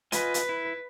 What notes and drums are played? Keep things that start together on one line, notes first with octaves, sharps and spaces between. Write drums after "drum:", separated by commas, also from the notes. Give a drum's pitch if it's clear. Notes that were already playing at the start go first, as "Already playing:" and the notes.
F4 B4 D#5 G#5, drum: hi-hat
drum: hi-hat
E4